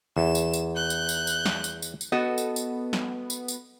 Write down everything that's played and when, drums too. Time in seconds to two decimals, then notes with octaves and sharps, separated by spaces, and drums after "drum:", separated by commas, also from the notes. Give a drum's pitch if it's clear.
0.17 E2 E7
0.35 drum: tambourine
0.53 drum: tambourine
0.76 F#6 G6
0.90 drum: tambourine
1.09 drum: tambourine
1.27 drum: tambourine
1.46 drum: snare
1.64 drum: tambourine
1.82 drum: tambourine
2.01 drum: tambourine
2.12 B3 F#4 A4 D#5
2.38 drum: tambourine
2.56 drum: tambourine
2.93 drum: snare
3.30 drum: tambourine
3.48 drum: tambourine